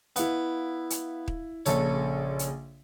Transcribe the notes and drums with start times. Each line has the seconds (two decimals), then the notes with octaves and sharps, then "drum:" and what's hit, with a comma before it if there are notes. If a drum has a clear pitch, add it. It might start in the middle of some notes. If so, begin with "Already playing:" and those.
0.16 B3 E4 F5, drum: hi-hat
0.90 drum: hi-hat
1.28 drum: kick D#1
1.66 A#1 C#3 A4 C#5, drum: hi-hat
2.39 drum: hi-hat